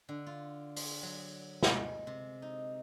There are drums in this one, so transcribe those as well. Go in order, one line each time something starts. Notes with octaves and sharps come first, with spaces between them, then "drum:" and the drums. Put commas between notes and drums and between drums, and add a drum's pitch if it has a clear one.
D3
F4
C6, drum: open hi-hat
F#3
G#3, drum: snare
C3
D#4